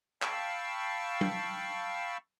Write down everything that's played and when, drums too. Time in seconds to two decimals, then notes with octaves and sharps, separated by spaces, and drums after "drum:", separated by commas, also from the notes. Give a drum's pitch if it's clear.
0.22 F5 G5 A5 B5 C#6 E6, drum: clap
1.21 drum: tom